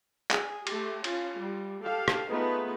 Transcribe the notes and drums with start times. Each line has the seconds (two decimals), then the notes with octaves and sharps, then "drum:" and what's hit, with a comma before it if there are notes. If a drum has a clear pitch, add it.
0.31 G#4, drum: clap
0.67 A3 G4, drum: cymbal
1.04 C#4 F4, drum: cymbal
1.39 G3
1.82 G4 A4 F5
2.08 drum: rim click
2.29 A3 B3 D#4 F4 G#4 B4